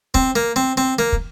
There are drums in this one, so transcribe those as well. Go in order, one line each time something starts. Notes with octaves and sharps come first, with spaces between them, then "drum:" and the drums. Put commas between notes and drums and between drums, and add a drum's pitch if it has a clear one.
C4, drum: kick
A#3
C4
C4
A#3
drum: kick